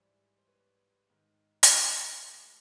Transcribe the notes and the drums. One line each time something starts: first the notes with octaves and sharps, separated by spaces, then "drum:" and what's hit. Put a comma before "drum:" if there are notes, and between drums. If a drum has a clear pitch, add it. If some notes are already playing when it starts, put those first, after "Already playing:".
Already playing: G#2 E3 G3 C5 D5
C5
B4 C#5
G#2 D#3 G#3
drum: hi-hat
A4 B4
G#4 A#4
A2 F3 G#3